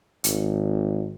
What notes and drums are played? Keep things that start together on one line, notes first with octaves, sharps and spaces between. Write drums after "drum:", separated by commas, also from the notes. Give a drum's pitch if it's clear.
G#1, drum: hi-hat